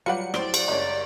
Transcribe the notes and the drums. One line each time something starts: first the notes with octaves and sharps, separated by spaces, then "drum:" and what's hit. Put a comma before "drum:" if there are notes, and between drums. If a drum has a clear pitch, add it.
F#3 G3 F4 G4 B4 F#5 C#7
A2 C5 D5 G7, drum: rim click
drum: cymbal
F#1 G#3 D4 C#5